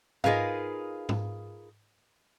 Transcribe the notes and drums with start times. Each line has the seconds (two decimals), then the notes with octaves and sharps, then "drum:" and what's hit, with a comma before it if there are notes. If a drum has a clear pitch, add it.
0.24 D#4 F4 G#4 A#4 B4 F5, drum: tom G#2
1.09 drum: tom G#2